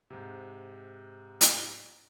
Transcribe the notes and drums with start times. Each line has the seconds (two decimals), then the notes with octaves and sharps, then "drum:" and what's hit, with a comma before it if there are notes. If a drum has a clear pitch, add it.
0.10 G#2 C3
1.41 drum: hi-hat